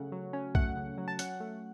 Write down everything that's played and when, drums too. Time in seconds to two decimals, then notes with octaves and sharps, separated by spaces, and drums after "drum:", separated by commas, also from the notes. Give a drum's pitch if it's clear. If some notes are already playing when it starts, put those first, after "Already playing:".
Already playing: C#3 F#3 A3 C#4 F#5
0.12 F#3
0.33 C#4
0.55 A3 F#5, drum: kick
0.77 C#3
0.98 F#3
1.08 A5
1.19 C#4 F#5, drum: hi-hat
1.40 A3